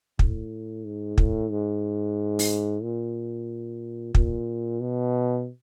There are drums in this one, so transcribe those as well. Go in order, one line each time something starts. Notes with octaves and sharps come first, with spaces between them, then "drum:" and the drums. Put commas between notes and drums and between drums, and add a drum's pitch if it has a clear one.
A2, drum: kick
G#2
A2, drum: kick
G#2
drum: open hi-hat
A#2
A#2, drum: kick
B2